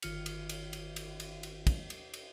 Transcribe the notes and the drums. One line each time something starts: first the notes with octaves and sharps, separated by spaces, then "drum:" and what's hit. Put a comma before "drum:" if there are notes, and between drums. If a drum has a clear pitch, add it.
G1 D#3 F4 F6 C#7, drum: cymbal
drum: cymbal
drum: cymbal
drum: cymbal
drum: cymbal
drum: cymbal
drum: cymbal
drum: kick, cymbal
drum: cymbal
drum: cymbal